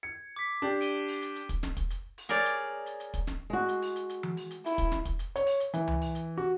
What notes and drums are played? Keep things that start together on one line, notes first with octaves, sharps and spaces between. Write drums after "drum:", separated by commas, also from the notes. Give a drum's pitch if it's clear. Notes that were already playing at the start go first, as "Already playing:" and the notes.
G#6 C#7
D6 B6
D4 G4
D7 D#7 G7, drum: hi-hat
drum: open hi-hat
drum: hi-hat
drum: hi-hat
drum: kick, hi-hat
drum: snare
drum: kick, hi-hat
drum: hi-hat
drum: open hi-hat
G#4 A#4 C#5 D5 G5, drum: hi-hat
drum: hi-hat
drum: hi-hat
drum: hi-hat
drum: kick, hi-hat
drum: snare
G#3 F#4
drum: hi-hat
drum: open hi-hat
drum: hi-hat
drum: hi-hat
drum: tom E3
drum: open hi-hat
drum: hi-hat
E4, drum: hi-hat
drum: kick, hi-hat
drum: snare
drum: kick, hi-hat
drum: hi-hat
C#5, drum: hi-hat
drum: open hi-hat
drum: hi-hat
E3, drum: hi-hat
drum: tom C#2
drum: open hi-hat
drum: hi-hat
F#4